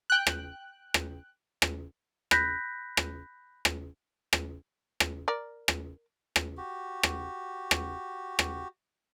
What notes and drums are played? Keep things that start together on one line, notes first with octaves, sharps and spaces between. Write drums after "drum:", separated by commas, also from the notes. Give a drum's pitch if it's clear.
G5 F#6
drum: rim click
drum: rim click
drum: rim click
B5 F#6 G6 A#6 B6, drum: rim click
drum: rim click
drum: rim click
drum: rim click
drum: rim click
A#4 D5
drum: rim click
drum: rim click
F#4 G4
drum: rim click
drum: rim click
drum: rim click